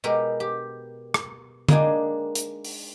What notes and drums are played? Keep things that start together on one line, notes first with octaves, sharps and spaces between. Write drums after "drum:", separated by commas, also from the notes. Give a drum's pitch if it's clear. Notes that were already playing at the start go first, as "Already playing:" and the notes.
B2 G#3 G4 A#4
G4
drum: rim click
G#3 A#3 D4 D#4 G#4 G5, drum: tom D3
drum: hi-hat
drum: open hi-hat